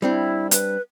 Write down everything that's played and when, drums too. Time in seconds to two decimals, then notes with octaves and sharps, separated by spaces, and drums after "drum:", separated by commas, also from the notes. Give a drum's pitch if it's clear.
0.02 G3 C4 D4 E4
0.51 B4, drum: hi-hat